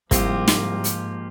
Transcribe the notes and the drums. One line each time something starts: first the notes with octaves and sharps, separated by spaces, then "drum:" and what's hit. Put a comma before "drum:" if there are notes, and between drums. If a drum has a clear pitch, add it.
C2 G#2 F3 A#3 F4 G4, drum: kick, hi-hat
drum: snare
drum: hi-hat